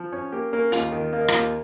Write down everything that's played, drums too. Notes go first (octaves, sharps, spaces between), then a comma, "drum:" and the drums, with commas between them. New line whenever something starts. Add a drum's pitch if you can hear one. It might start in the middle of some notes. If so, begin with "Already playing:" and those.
Already playing: F3
C#4 C#5
A#3 G4
A#3 C#4 A#4
D#2 F4 F5, drum: hi-hat
D#3
A#3 F5
D#5
D#2 F4 F5, drum: rim click